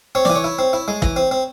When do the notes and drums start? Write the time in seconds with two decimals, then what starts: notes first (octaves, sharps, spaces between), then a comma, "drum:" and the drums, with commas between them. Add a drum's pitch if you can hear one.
0.15 C4 C#5
0.25 E3 D5, drum: snare
0.36 C#5
0.44 E4
0.59 C4
0.73 E4
0.88 G#3
1.02 E3, drum: kick
1.16 C4
1.31 C4